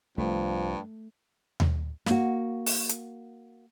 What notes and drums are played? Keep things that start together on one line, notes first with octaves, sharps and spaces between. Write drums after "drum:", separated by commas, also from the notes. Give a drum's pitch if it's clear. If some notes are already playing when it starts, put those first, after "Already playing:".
C2 G2 F3 A3
drum: tom D#2
A#3 F#4, drum: snare
drum: open hi-hat
drum: hi-hat